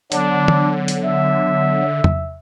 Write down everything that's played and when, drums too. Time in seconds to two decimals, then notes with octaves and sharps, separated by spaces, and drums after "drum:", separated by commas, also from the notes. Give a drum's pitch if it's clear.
0.12 D3 F#3 B3 D4, drum: hi-hat
0.48 drum: tom
0.88 drum: hi-hat
1.04 E5
2.04 drum: tom E2